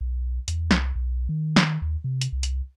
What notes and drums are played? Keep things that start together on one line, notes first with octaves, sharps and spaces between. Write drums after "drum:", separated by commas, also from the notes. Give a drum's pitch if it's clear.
B1
E2, drum: hi-hat
C2, drum: snare
B1
D#3
drum: snare
D#2
C3
drum: hi-hat
C2
drum: hi-hat